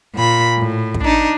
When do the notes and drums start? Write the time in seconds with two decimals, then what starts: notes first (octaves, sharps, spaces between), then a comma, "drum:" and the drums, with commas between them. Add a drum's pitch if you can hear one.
0.15 A#2 B5
0.59 A2
0.94 drum: kick
1.04 D4 D#4